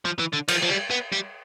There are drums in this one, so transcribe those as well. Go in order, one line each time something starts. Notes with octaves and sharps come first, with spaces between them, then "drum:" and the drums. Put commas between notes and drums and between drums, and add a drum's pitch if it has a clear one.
F3
E3
D3
F3, drum: cymbal
F3
G3
B3
G3